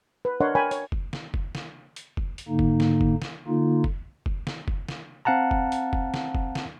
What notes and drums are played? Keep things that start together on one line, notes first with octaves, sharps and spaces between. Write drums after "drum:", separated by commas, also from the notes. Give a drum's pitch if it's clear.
B4
D4 A#4 C#5 D#5 F#5 C6
A#4 C#5 G5 G#5 B5
C#5, drum: hi-hat
drum: kick
drum: snare
drum: kick
drum: snare
drum: hi-hat
drum: kick
drum: hi-hat
G#2 D3 A#3 D#4
drum: kick
drum: snare
drum: kick
drum: snare
D3 A#3 D#4 F4
drum: kick
drum: kick
drum: snare
drum: kick
drum: snare
C4 F5 F#5 A5 A#5
drum: kick
drum: hi-hat
drum: kick
drum: snare
drum: kick
drum: snare